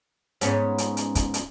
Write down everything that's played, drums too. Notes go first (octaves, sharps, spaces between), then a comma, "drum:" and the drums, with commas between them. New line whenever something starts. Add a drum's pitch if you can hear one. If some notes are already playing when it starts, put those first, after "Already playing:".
G#2 B3 C#4, drum: hi-hat
drum: hi-hat
drum: hi-hat
drum: kick, hi-hat
drum: hi-hat